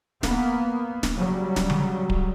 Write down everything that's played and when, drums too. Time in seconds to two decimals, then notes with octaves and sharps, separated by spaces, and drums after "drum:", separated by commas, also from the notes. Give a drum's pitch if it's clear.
0.23 A#3 B3, drum: snare
1.03 drum: snare
1.16 C#3 F#3 G3
1.56 drum: snare
1.70 drum: tom D3
2.10 drum: kick D1